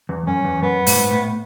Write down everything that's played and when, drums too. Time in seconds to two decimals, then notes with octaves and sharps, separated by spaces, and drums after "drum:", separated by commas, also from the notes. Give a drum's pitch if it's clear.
0.09 E2
0.27 F#2 C#4
0.44 E2
0.62 F#2 B3
0.86 G#2, drum: open hi-hat
0.98 G#2
1.11 A2